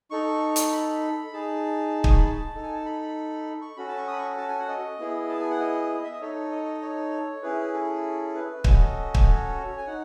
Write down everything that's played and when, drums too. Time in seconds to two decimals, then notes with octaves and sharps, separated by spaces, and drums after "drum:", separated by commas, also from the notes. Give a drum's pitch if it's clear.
0.11 D#4 A4 C#6
0.56 drum: hi-hat
0.72 B5
1.33 D#4 G#4 A5
2.04 D#6, drum: kick
2.10 C#6
2.17 B5
2.25 A5
2.55 D#4 A4
2.63 G#5
2.74 A5
2.86 B5
3.61 C#6
3.77 C#4 F#4 A4 B5
3.88 A5
3.97 C#6
4.08 B5 D#6
4.18 C#6
4.37 A5
4.48 G#5
4.59 F#5
4.68 D#5
4.99 B3 E4 G#4
5.30 A5
5.40 G#5
5.50 F#5
5.60 D#5
6.04 E5
6.12 D#5
6.21 D#4 A4 C#5
6.51 D#5
6.82 C#5
7.43 C#4 E4 G#4 B4
7.73 A4
8.35 B4
8.64 C#4 F#4 A4 D#5, drum: kick
9.15 drum: kick
9.26 C#5
9.78 G#5
9.86 D#4 F#5